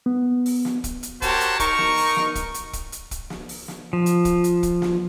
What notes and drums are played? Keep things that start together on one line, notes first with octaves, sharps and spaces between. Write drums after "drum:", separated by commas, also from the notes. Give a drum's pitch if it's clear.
B3
drum: open hi-hat
drum: snare
drum: kick, hi-hat
drum: hi-hat
F#4 G4 A#4 C5 C#5 A5, drum: kick, hi-hat
drum: hi-hat
D#4 A#4 C#6, drum: kick, hi-hat
drum: snare
drum: open hi-hat
drum: snare
drum: kick, hi-hat
drum: hi-hat
drum: kick, hi-hat
drum: hi-hat
drum: kick, hi-hat
drum: snare
drum: open hi-hat
drum: snare
F3
drum: hi-hat
drum: kick, hi-hat
drum: hi-hat
drum: kick, hi-hat
drum: snare